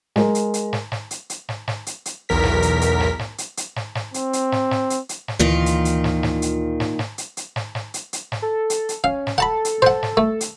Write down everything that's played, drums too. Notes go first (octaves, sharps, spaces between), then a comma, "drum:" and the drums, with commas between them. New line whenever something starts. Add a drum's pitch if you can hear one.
G#3 A#4, drum: snare
drum: hi-hat
drum: hi-hat
drum: snare
drum: snare
drum: hi-hat
drum: hi-hat
drum: snare
drum: snare
drum: hi-hat
drum: hi-hat
B1 E2 A#4 B6
drum: snare
drum: hi-hat
drum: hi-hat
drum: snare
drum: snare
drum: hi-hat
drum: hi-hat
drum: snare
drum: snare
C4, drum: hi-hat
drum: hi-hat
drum: snare
drum: snare
drum: hi-hat
drum: hi-hat
drum: snare
D2 A#2 D#3 E3 F4
drum: hi-hat
drum: hi-hat
drum: snare
drum: snare
drum: hi-hat
drum: snare
drum: snare
drum: hi-hat
drum: hi-hat
drum: snare
drum: snare
drum: hi-hat
drum: hi-hat
drum: snare
A4
drum: hi-hat
drum: hi-hat
C#4 F5
drum: snare
A4 F#5 A5 B5
drum: hi-hat
C5 F#5, drum: snare
drum: snare
A3
drum: hi-hat